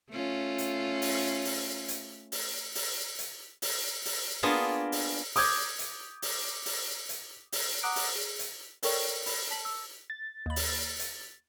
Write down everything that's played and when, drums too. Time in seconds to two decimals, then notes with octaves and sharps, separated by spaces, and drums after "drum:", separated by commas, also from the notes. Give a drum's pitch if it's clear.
0.11 A3 C#4 F4
0.58 drum: hi-hat
1.02 drum: open hi-hat
1.45 drum: open hi-hat
1.88 drum: hi-hat
2.32 drum: open hi-hat
2.75 drum: open hi-hat
3.19 drum: hi-hat
3.62 drum: open hi-hat
4.05 drum: open hi-hat
4.43 A#3 B3 D4 F4 G#4
4.92 drum: open hi-hat
5.36 D6 D#6 G6 G#6, drum: open hi-hat
5.79 drum: hi-hat
6.22 drum: open hi-hat
6.66 drum: open hi-hat
7.09 drum: hi-hat
7.52 drum: open hi-hat
7.83 F#5 A#5 D6 D#6 F#6 D7
7.96 drum: open hi-hat
8.15 G#4
8.39 drum: hi-hat
8.83 A4 A#4 C#5 D5 G5 C#6, drum: open hi-hat
9.26 B5, drum: open hi-hat
9.51 A5 B6 F#7
9.65 E6
10.10 A6
10.46 D#2 B5
10.56 drum: open hi-hat
11.00 drum: hi-hat